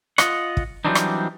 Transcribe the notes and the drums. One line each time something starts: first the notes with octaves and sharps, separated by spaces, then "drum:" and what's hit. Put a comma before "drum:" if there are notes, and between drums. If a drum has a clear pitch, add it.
F4 D#5 F#5, drum: rim click
drum: kick
E3 F#3 G3 C4 D4 D#4
drum: rim click